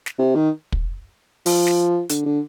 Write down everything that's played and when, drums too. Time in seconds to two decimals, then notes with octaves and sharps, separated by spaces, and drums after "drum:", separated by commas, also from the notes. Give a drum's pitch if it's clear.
0.06 drum: snare
0.19 C3
0.35 D#3
0.72 drum: kick
1.46 F3, drum: open hi-hat
1.67 drum: snare
2.10 D3, drum: hi-hat
2.26 D3